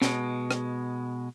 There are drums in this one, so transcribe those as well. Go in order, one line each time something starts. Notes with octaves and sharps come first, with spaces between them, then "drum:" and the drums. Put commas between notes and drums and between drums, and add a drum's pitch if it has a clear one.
B2 G#3, drum: snare
drum: rim click